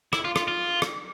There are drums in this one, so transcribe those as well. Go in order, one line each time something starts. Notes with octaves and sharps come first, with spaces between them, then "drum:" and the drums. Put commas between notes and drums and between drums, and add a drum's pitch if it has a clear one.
E4, drum: rim click
F4
F4, drum: rim click
F4
drum: rim click